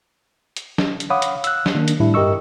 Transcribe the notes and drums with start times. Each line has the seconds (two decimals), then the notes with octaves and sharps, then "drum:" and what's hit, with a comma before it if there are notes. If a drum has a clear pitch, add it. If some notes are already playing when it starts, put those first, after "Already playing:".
0.57 drum: hi-hat
0.78 drum: snare
1.00 drum: hi-hat
1.10 C#5 F5 F#5 B5 D6 D#6
1.22 drum: hi-hat
1.44 E6 F#6, drum: hi-hat
1.66 drum: snare
1.75 D#3 A#3 D4
1.88 drum: hi-hat
2.00 A2 G3 D4 E4
2.14 G2 G4 A#4 D#5 C#6 E6